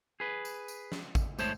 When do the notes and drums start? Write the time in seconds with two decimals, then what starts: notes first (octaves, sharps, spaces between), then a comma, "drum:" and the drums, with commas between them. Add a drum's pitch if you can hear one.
0.20 G#4 B4
0.45 drum: tambourine
0.68 drum: tambourine
0.92 drum: snare
1.15 drum: kick, tambourine
1.38 G#2 A3 C5 C#5 A5, drum: tambourine